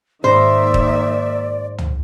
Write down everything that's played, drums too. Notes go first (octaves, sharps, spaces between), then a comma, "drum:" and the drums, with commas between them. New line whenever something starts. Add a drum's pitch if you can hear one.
G#2 D#3 A#3 C5 D5 E5 A#6
drum: kick
drum: tom